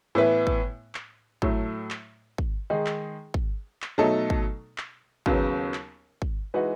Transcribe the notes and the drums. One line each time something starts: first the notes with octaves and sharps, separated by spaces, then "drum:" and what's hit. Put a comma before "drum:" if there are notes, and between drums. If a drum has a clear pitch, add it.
A2 E3 B3 E4 B4
drum: kick
drum: clap
A2 F#3 A3, drum: kick
drum: clap
drum: kick
D#3 G#3 D#4 G#4
drum: clap
drum: kick
drum: clap
B2 F#3 A3 D#4 A4
drum: kick
drum: clap
D#2 C#3 F#3 B3, drum: kick
drum: clap
drum: kick
E3 G#3 D#4 F#4 B4